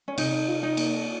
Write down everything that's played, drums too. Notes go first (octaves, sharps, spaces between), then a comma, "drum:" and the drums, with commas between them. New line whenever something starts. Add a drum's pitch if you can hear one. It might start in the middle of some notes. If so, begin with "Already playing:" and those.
C#4
C3 D#4, drum: cymbal
F4
D#4
A#3, drum: cymbal